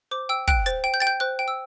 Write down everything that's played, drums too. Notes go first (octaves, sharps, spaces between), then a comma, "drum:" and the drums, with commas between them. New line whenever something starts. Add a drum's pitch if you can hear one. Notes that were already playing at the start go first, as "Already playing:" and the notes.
C5 D6
G5 E6
G5 F#6, drum: kick
C5 A6, drum: hi-hat
G5
G6
G5 A6
G6
C5 F#6
G5
E6